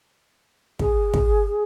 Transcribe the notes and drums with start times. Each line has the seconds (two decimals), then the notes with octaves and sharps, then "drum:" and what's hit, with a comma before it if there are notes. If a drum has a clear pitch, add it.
0.79 G#4, drum: kick
1.14 drum: kick